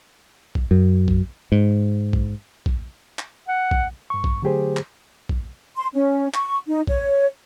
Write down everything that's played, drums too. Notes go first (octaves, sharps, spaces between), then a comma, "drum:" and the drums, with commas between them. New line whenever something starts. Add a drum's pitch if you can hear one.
drum: kick A#1
F#2
drum: kick A#1
G#2
drum: kick A#1
drum: kick A#1
drum: clap
F#5
drum: kick A#1
G2 C#6
drum: kick A#1
D3 F#3 A3 G4 G#4 C5
drum: clap
drum: kick A#1
C6
C#4
C#6, drum: clap
D#4
C#5, drum: kick A#1